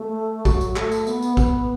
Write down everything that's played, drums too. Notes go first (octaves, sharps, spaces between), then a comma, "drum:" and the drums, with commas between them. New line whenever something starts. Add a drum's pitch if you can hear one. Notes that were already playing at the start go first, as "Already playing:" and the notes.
Already playing: A3
F#3, drum: kick, tambourine
drum: tambourine
A3, drum: clap
drum: tambourine
B3, drum: tambourine
drum: tambourine
B3, drum: kick, tambourine